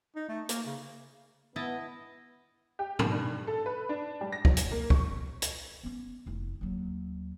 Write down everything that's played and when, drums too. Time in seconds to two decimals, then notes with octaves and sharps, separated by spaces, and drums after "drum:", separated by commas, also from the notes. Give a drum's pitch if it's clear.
0.16 D#4
0.29 A3
0.49 A#3, drum: hi-hat
0.66 C#3
1.56 B3 E4 D#5 A5
2.79 G4
2.99 D#3, drum: tom G#2
3.12 G2
3.47 A4
3.66 B4
3.89 D4
4.21 G3
4.32 A#6
4.45 F#3, drum: kick
4.57 drum: hi-hat
4.72 A#3
4.90 C#6, drum: kick
5.42 drum: hi-hat
5.83 B3 C#4
6.26 F1 E4
6.61 D#2 F#3